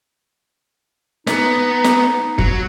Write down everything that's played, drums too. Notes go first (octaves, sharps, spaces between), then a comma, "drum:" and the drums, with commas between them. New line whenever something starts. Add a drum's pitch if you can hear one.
B3 D#4, drum: snare
drum: snare
F#3, drum: kick